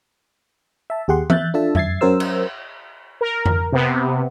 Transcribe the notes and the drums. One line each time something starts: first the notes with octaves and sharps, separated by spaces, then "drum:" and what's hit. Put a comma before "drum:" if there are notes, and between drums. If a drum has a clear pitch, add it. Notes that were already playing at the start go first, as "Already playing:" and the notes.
E5 A5
D#2 G4 G#4 F#5 C6
E5 F#6 G6 A6, drum: tom E3
D4 F4 A4 E5 A5
F#2 E5 G#6 A6 C7, drum: tom F2
F#3 C#4 F#4 A#4 C5 E6
drum: cymbal
A#4
drum: tom F2
C3 B3